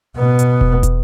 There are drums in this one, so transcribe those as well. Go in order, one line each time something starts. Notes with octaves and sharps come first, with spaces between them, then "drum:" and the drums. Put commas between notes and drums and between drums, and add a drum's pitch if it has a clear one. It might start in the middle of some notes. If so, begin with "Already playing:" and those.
B2 B3
drum: hi-hat
drum: kick
drum: kick, hi-hat